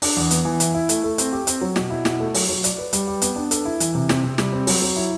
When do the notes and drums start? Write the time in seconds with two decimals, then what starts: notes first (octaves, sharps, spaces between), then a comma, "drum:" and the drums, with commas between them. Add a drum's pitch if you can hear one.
0.02 D4, drum: open hi-hat
0.17 E2
0.31 B3, drum: hi-hat
0.45 E3
0.60 E4, drum: hi-hat
0.74 E4
0.89 A3, drum: hi-hat
1.04 A3
1.18 C4, drum: hi-hat
1.33 G4
1.47 C4, drum: hi-hat
1.61 F#3
1.76 B2, drum: snare
1.90 E4
2.05 B2, drum: snare
2.20 A3
2.34 F#3, drum: open hi-hat
2.49 F#3
2.64 D5, drum: hi-hat
2.78 B4
2.93 G3, drum: hi-hat
3.08 G4
3.22 B3, drum: hi-hat
3.36 D4
3.51 A4, drum: hi-hat
3.65 E4
3.80 E3, drum: hi-hat
3.95 C3
4.09 C4, drum: snare
4.24 C3
4.38 G3, drum: snare
4.53 C4
4.67 F#3, drum: open hi-hat
4.82 F#3
4.96 E4